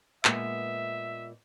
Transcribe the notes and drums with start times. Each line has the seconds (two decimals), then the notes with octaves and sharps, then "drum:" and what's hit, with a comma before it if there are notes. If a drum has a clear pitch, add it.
0.25 A#2 G#3 B3 E5, drum: clap